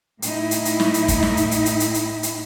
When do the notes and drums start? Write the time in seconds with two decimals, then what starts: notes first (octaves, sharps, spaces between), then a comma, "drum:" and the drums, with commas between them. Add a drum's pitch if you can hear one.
0.22 A2 D#4 E4, drum: hi-hat
0.51 drum: hi-hat
0.65 drum: hi-hat
0.80 drum: snare
0.94 drum: hi-hat
1.08 drum: kick, hi-hat
1.23 drum: snare
1.37 drum: hi-hat
1.51 drum: hi-hat
1.66 drum: hi-hat
1.80 drum: hi-hat
1.94 drum: hi-hat
2.23 drum: hi-hat